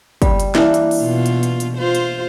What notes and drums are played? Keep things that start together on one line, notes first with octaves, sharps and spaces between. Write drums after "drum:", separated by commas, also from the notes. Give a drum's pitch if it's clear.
G3, drum: kick, hi-hat
drum: hi-hat
E3 A#3 D4, drum: snare
drum: hi-hat
drum: open hi-hat
B2 F4
drum: hi-hat
drum: hi-hat
drum: hi-hat
F4 C5
drum: hi-hat